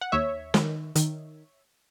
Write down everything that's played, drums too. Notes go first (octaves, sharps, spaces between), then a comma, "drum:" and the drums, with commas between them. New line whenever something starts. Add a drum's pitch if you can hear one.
F#5
D#2 C#5 E5
D#3, drum: snare
D#3, drum: hi-hat